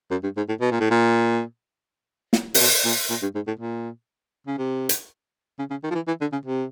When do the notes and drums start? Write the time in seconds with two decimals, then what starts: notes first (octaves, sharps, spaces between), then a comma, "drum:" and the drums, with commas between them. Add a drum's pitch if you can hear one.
0.11 F#2
0.23 G2
0.37 G#2
0.49 A2
0.61 B2
0.71 A#2
0.80 A2
0.91 A#2
2.33 drum: snare
2.54 C3, drum: open hi-hat
2.59 B2
2.85 A#2
3.10 A#2
3.22 G2
3.35 G#2
3.47 A2
3.60 A#2
4.47 C#3
4.58 C3
4.89 drum: hi-hat
5.59 C#3
5.71 C#3
5.84 D#3
5.91 F3
5.95 E3
6.07 E3
6.21 D3
6.32 C#3
6.45 C3